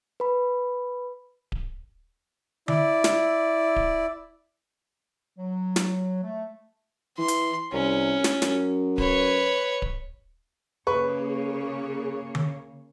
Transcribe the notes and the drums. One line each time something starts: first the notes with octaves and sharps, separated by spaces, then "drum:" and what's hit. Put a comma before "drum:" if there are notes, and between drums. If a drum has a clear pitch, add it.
B4 B5
drum: kick D1
E4 D5, drum: tom D3
drum: snare
drum: kick D1
F#3
drum: snare
A3
E3 C6
drum: hi-hat
C2 C#4
drum: snare
F#2, drum: snare
B4 C#5, drum: kick D1
drum: kick D1
C#3 A#3 G#4 B4 C#5 C#6
drum: tom D3